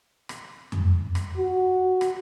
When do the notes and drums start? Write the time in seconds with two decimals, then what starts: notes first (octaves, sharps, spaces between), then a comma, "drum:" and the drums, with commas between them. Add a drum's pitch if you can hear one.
0.29 drum: rim click
0.72 drum: tom F2
1.15 drum: rim click
1.37 F#4
2.01 drum: rim click